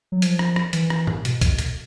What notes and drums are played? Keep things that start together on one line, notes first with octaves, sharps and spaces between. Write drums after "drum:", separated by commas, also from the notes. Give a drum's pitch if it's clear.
F#3
F3, drum: hi-hat
drum: rim click
drum: rim click
E3, drum: hi-hat
drum: rim click
drum: tom G#2
B2, drum: hi-hat
drum: kick B1, hi-hat
drum: hi-hat